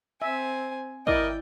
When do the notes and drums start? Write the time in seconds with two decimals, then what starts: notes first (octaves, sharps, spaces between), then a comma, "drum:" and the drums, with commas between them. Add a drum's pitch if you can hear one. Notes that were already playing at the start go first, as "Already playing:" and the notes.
0.22 C4 E5 G#5
1.07 E4 A#4 D5 D#5 G5, drum: kick